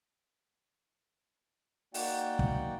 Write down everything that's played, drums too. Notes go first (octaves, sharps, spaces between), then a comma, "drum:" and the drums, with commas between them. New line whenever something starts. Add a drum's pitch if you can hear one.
A#3 D#4 F#4 D5 F#5 G5, drum: open hi-hat
drum: kick